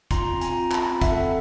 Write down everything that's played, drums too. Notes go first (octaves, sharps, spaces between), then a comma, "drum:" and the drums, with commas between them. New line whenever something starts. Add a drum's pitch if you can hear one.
F4 A#5 C6, drum: kick, hi-hat
C4
G#5 A#5, drum: hi-hat
F4
F4 A5 B5, drum: clap
C4
E5 F#5, drum: kick, hi-hat
A4